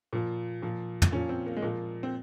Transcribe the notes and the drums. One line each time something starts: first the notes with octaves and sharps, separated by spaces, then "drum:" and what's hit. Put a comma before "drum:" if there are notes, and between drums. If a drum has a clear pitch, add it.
A#2 F3
A#2 F3
drum: tom
A#2 F3 C#4
C4
A#3
G#3
A#2 F3 A#3
C4